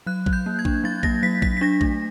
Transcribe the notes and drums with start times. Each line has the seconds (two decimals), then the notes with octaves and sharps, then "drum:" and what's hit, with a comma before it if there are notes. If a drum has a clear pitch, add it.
0.07 F#3 F#6
0.26 F#3, drum: kick A#1
0.33 G6
0.46 A#3
0.59 G#6
0.65 D4, drum: kick A#1
0.84 F#3 A6
1.03 A#3 A#6, drum: kick A#1
1.23 F#3 B6
1.42 F#3 B6, drum: kick A#1
1.57 B6
1.61 D4 A#6
1.81 A3, drum: kick A#1